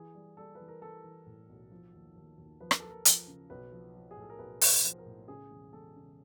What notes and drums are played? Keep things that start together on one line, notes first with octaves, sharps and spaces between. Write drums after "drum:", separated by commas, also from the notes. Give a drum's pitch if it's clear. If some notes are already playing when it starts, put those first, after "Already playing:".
Already playing: E3 G#4
G3
G3 A4
E3 B4
A#4
E3 A4
E3
A2
B1
F3
D#2
D#2
D#2
F3 B4
A#4, drum: rim click
F3 A4
A#4
F3, drum: hi-hat
C#3
B1 B4
F3
F3
G#4
A2 A4
A#4
B1 B4
B1, drum: open hi-hat
C5
F3
A#4
A2
C#3 G#4
E1
E1 A4
C#3